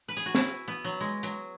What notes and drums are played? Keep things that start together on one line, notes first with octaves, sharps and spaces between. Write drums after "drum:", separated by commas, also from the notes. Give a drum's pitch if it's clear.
B4
G#4
F#4
E4, drum: snare
B3
F#3
G#3
F#3, drum: hi-hat